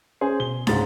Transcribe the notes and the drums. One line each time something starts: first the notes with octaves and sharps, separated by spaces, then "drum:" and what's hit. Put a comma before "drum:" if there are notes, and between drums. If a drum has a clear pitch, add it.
C#4 G#4 C5
B2 G7
C#2 G#2 A6, drum: snare